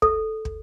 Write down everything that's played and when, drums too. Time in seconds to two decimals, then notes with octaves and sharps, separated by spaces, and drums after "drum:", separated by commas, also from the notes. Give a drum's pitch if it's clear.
0.02 A4, drum: kick
0.45 drum: kick